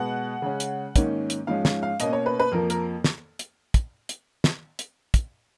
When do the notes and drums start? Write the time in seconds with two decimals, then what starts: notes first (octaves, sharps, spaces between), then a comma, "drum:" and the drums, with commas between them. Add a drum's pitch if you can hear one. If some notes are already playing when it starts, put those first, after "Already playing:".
Already playing: B2 G#3 B3 F#5
0.42 C#3 G#3 C#4
0.60 drum: hi-hat
0.96 G#2 D#3 A#3 C#4, drum: kick, hi-hat
1.30 drum: hi-hat
1.47 G#2 F3 G#3 C#4 F5
1.65 F5, drum: snare
1.83 F5
2.00 B2 A#3 C#4 D#5, drum: hi-hat
2.13 C#5
2.26 B4
2.39 B4
2.51 F2 F3 A#3 A#4
2.70 A#4, drum: hi-hat
3.04 drum: snare
3.39 drum: hi-hat
3.74 drum: kick, hi-hat
4.09 drum: hi-hat
4.44 drum: snare
4.79 drum: hi-hat
5.14 drum: kick, hi-hat